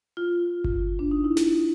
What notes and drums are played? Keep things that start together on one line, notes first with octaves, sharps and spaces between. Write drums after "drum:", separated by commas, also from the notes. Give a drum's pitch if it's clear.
F4
drum: kick G1
D4
D#4
E4
F4, drum: snare